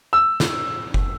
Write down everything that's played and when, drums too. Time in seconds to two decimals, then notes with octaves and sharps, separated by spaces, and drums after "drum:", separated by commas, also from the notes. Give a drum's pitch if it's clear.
0.13 E6
0.40 drum: snare
0.94 drum: kick F#1